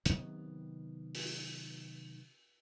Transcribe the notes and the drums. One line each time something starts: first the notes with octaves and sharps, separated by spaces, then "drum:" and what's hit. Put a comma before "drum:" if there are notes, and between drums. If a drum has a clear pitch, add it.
C3 D#3 F#3 B3, drum: hi-hat
drum: open hi-hat